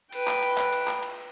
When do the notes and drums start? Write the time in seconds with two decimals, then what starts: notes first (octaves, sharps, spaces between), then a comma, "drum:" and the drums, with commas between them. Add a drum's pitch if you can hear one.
0.12 B4 G5, drum: cymbal
0.27 drum: clap
0.42 drum: cymbal
0.57 drum: clap
0.72 drum: cymbal
0.88 drum: clap
1.03 drum: cymbal